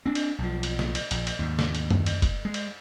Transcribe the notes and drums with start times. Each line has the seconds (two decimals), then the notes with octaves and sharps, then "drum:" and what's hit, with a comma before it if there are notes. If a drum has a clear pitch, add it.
0.06 C4 D4
0.15 drum: cymbal
0.38 B1 F3
0.63 drum: cymbal
0.79 drum: snare
0.95 drum: cymbal
1.11 A#1, drum: cymbal
1.27 drum: cymbal
1.39 D#2 G#2
1.59 drum: snare
1.75 drum: cymbal
1.90 drum: tom F#2
2.06 drum: cymbal
2.22 drum: kick F1, cymbal
2.45 G#3
2.54 drum: cymbal